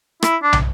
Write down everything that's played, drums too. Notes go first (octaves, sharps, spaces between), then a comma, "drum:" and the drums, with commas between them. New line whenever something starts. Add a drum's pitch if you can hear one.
E4, drum: rim click
D4
drum: tom